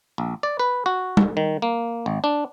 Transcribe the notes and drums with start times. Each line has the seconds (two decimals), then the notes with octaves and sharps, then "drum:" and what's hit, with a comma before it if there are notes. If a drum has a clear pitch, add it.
0.18 A#1
0.43 D5
0.60 B4
0.86 F#4
1.17 drum: tom G3
1.37 D#3
1.62 A#3
2.06 G#1
2.24 D4